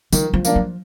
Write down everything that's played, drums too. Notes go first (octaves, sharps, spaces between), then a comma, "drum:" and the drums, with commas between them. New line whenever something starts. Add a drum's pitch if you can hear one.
D#3 F3, drum: tambourine
F3
A#3 D4, drum: tambourine
F3